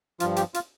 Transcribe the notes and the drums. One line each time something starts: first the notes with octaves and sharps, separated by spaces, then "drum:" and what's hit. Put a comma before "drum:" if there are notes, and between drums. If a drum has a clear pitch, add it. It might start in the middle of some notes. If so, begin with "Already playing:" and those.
G2 F3 F4, drum: hi-hat
G4, drum: hi-hat
F4, drum: hi-hat